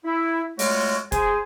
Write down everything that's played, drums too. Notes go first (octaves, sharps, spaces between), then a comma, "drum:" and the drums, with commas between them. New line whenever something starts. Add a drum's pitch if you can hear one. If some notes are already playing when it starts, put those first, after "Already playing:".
E4
F2 G#3 A3 F4 F#4 C#5, drum: open hi-hat
G#4 C5 G#5, drum: kick, hi-hat